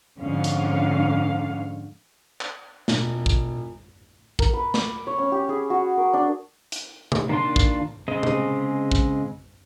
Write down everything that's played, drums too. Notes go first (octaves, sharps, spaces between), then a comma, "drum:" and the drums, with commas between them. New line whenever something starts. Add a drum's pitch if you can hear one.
F2 G#2 D3 C#4 F5
drum: hi-hat
drum: clap
E1 F4, drum: snare
drum: kick
A#4, drum: kick
B4
D6, drum: snare
C#5
C#4
G4
G#4
F#4
A#4
D4
drum: hi-hat
drum: tom C3
D#3 A#3 D4 F4 C6
drum: kick
C#3 G#3 C4 D#5
drum: tom C3
drum: kick